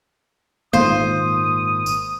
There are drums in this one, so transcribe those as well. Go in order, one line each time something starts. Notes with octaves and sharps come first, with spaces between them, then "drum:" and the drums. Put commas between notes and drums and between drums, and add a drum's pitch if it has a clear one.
G#1 A#2 D#3 C5 F5 D#6, drum: tom G#3
drum: tambourine